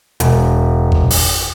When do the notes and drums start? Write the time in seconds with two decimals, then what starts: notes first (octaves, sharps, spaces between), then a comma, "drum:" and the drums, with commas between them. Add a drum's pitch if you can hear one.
0.20 E1, drum: hi-hat
0.92 drum: kick G1
1.10 drum: open hi-hat